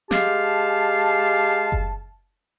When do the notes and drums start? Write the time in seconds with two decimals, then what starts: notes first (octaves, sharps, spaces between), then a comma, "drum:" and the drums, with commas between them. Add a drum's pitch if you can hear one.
0.11 G#3 G4 F5 A5, drum: snare
1.72 drum: kick F#1